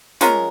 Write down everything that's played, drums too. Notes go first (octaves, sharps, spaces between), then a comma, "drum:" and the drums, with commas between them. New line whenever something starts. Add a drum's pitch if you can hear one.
G#3 C#4 F4 A#4, drum: snare